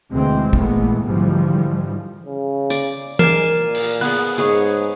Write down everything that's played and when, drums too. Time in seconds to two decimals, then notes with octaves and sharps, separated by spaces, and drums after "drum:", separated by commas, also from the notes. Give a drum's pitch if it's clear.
0.12 D2 B2 E3 G#3 C4
0.53 A#2 E3 G#3 A3 B3, drum: kick
1.03 G#2 D3 E3 F3 G3 G#3
2.25 C#3
2.70 D5, drum: tambourine
3.19 G#2 A#4 D5 G#5, drum: tom
3.61 A#2
3.75 drum: cymbal
4.01 B3 G#4 F#6, drum: open hi-hat
4.38 G#2 G#4 B4 C#5